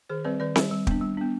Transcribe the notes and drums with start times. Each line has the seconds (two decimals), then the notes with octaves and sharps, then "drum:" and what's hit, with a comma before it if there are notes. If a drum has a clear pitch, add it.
0.10 D#3 G#4 C5
0.24 G3 C4 B4 D5
0.40 D#3 B4 D5
0.56 G3 C4, drum: snare C4
0.71 G3
0.87 B3 D4, drum: kick
1.01 G3
1.17 B3 D4